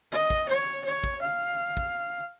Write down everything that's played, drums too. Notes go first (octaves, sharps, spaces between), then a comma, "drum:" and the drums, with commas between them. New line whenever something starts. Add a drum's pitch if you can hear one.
D#5
drum: kick
C#5
C#5
drum: kick
F5
drum: kick